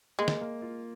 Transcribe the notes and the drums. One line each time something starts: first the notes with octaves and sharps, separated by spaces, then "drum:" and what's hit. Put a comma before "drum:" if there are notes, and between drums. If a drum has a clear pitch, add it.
G#3 A#3
drum: snare
A#3
F4